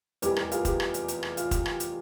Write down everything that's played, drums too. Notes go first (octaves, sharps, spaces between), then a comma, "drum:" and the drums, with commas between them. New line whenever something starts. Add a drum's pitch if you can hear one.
F1 E2 E3 G3 G4 A#4, drum: hi-hat
G4 A#4, drum: rim click
F4 G#4, drum: hi-hat
G4, drum: kick, hi-hat
drum: rim click
drum: hi-hat
drum: hi-hat
drum: rim click
F4, drum: hi-hat
drum: kick, hi-hat
drum: rim click
drum: hi-hat